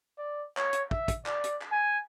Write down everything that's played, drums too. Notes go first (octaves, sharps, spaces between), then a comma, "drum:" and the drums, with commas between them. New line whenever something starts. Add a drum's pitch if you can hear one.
D5
C#5, drum: clap
drum: hi-hat
E5, drum: kick
drum: kick, hi-hat
D5, drum: clap
drum: hi-hat
drum: clap
G#5